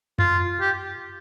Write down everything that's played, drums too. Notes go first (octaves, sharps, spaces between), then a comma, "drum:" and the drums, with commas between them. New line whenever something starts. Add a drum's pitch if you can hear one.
F4, drum: tom F#2
G4